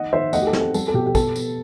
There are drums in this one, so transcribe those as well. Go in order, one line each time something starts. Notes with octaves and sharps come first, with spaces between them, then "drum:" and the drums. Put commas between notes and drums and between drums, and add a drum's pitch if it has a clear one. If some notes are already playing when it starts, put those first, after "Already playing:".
Already playing: D#3 D#5 F#5
D#3 C5 E5
A3 D#5 F#5, drum: tambourine
G4
A4
C4, drum: snare
A4
G3 A4, drum: tambourine
A4
B2 G4
G4
B3 A4, drum: kick, tambourine
B3, drum: tambourine